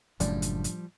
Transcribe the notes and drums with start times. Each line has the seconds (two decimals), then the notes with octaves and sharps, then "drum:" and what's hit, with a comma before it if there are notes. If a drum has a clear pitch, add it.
0.20 F#1 F#2 A2 C#3 F3 G3 D4, drum: hi-hat
0.42 drum: hi-hat
0.64 drum: hi-hat